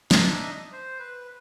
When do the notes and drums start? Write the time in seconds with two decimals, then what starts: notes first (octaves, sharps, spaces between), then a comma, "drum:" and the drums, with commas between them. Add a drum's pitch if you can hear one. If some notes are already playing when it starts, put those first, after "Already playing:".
0.11 D4 D#4 D#5 E5, drum: snare
0.72 C5
0.99 B4